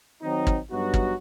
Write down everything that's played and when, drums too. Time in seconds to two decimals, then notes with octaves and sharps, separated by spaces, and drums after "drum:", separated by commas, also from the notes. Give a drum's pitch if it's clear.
0.23 D#3 F#3 C4 D#4
0.47 drum: kick
0.72 G2 F#3 B3 D#4 F#4
0.94 drum: kick